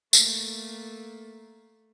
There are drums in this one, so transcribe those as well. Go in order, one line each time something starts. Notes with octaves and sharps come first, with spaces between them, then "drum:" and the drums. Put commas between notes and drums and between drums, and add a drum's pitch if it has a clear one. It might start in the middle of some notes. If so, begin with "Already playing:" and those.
A3 A#3, drum: tambourine